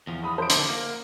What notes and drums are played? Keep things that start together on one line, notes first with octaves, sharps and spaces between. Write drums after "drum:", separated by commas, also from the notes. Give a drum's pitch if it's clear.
E2 F3
B5 D#6
C5 D7
D3 D#3 D6, drum: hi-hat
A#3